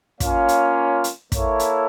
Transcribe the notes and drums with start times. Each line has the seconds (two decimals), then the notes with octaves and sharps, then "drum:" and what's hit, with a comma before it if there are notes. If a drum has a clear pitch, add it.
0.20 A#3 C#4 F4 C#5 F5, drum: kick, hi-hat
0.48 drum: hi-hat
1.04 drum: hi-hat
1.32 A#3 E4 A4 C#5 E5, drum: kick, hi-hat
1.59 drum: hi-hat